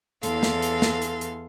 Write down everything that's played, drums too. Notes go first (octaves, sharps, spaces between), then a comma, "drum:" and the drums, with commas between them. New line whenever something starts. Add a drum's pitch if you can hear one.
E2 A4 F5 C6, drum: hi-hat
drum: snare
drum: hi-hat
drum: snare
drum: hi-hat
drum: hi-hat